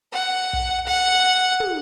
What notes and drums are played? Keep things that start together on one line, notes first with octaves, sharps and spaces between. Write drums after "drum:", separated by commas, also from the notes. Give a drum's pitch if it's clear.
F#5
drum: kick
F#5
drum: tom